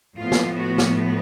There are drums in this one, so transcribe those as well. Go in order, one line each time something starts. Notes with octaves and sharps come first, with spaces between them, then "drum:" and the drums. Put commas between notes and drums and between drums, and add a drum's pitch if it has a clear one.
A2 F3 B3 F4
drum: snare
F#4
drum: snare